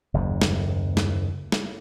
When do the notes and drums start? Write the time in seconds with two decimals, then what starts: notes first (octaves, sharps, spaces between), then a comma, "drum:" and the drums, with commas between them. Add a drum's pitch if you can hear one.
0.14 F#1 D#2 G#2
0.42 drum: snare
0.97 drum: snare
1.52 drum: snare